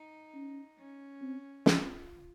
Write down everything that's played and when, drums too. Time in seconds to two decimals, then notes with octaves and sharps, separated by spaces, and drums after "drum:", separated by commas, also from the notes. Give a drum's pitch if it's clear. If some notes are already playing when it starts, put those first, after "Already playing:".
Already playing: D#4
0.34 C#4
0.79 C#4
1.22 C4
1.66 C4 F4, drum: snare